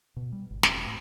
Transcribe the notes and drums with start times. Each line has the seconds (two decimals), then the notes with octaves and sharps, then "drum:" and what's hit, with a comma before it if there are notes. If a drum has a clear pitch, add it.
0.16 B2
0.32 G3
0.50 G1
0.63 E1, drum: snare
0.87 A2